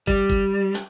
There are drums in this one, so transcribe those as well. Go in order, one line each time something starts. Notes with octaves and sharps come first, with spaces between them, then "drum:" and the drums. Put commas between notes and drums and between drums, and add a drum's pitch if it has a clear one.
G3, drum: kick
drum: kick
drum: clap